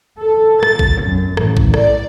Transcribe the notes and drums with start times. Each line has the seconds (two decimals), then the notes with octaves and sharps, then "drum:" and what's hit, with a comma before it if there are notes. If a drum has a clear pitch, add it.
0.18 A4
0.63 A6, drum: rim click
0.79 drum: kick G#1
1.02 F#2
1.37 A1, drum: rim click
1.57 drum: kick G#1
1.74 D5, drum: rim click